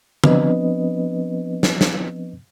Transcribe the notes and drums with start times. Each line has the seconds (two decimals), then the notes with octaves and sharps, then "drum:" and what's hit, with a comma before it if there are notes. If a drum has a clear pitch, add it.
0.24 F3 B3 C4 D4 B4 D#5, drum: tom
1.63 drum: snare
1.81 drum: snare